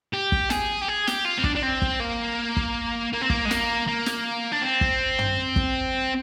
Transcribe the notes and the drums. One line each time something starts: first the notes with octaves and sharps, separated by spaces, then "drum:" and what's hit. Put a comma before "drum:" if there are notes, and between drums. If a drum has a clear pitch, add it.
G4
drum: kick
G#4, drum: snare
G4
G#4
G4, drum: snare
F4
C4
D4, drum: kick
D4
C4
drum: kick
A#3
drum: kick
A#3
C4
A#3, drum: kick
G#3
A#3, drum: snare
A#3
drum: snare
D4
C4
drum: kick
drum: tom
drum: kick